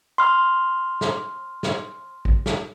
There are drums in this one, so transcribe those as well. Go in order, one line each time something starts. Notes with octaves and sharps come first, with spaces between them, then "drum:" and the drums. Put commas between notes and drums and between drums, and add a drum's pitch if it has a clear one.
C6 F6
drum: snare
drum: snare
drum: kick
drum: snare